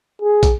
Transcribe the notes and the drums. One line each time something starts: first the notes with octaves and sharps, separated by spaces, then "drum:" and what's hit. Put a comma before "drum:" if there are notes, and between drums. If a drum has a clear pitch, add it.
G#4
drum: kick, hi-hat